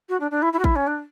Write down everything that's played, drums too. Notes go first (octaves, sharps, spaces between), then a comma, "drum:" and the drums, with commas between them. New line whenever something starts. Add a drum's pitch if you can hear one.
F#4
D4
D4
E4
E4
F#4
E4, drum: kick A1
C#4
D4